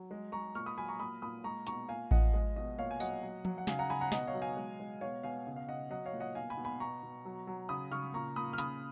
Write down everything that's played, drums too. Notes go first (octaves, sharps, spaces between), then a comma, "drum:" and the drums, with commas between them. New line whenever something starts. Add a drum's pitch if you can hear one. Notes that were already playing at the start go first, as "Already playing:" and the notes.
Already playing: F#3
G#3
G#3 A#5 C#6
A#2 C#6 F6
B5 D#6
F#3 G#5 B5
A#5 C#6
A#2 B5 D#6
A#2 B5 D#6
G#3 A#5 C#6
B2 A#5 C#6, drum: hi-hat
A#2 F5 G#5
F3 D#5 F#5, drum: kick A1
G#3 D#5
B2 D#5
A#2 C#5 F5
G#5
F#3 D#5 F#5, drum: tambourine
F#3
F#3, drum: tom F3
F#5
C#3 F5 G#5, drum: snare
F#5 A#5
C#3 G#5 B5
F#5 A#5
B2 D#5 F#5, drum: snare
C#5 F5
F#3
F5 G#5
G#3
G#3
B2 C#5 F5
B2 F5 G#5
C#3
F5
C#3 D#5 F#5
F#3 D#5 F#5
C#5 F5
A#2
D#5 F#5
B2 F5 G#5
G#5 B5
B2
G#5 B5
B2 A#5 C#6
B2
F#3
F#3
C#3 B5 D#6
C#3 C#6 F6
A#2 A#5 C#6
A#2 B5 D#6
F6
C#3 B5 D#6, drum: hi-hat